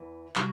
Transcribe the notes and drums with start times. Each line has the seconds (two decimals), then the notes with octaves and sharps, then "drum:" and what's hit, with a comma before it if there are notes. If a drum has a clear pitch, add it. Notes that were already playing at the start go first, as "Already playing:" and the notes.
Already playing: E2 E3
0.36 C3 E3 F#3 G3, drum: clap